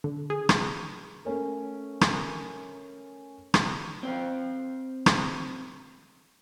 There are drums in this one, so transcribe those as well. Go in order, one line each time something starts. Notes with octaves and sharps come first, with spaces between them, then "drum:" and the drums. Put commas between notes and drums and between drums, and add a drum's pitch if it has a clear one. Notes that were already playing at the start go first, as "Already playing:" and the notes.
D3
G#4
drum: rim click
A3 C#4 A#4
drum: rim click
drum: rim click
C4 C5 F5
drum: rim click